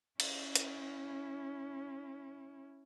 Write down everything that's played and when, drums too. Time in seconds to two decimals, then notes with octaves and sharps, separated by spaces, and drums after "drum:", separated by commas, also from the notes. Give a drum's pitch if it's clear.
0.20 C#4 E4, drum: cymbal
0.55 drum: hi-hat